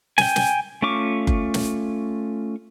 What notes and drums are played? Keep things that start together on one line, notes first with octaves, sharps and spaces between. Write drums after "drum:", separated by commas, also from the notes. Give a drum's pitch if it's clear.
G5 G#5, drum: snare
drum: snare
A3 C#4 F4 C#6 D6
drum: kick F#1
drum: snare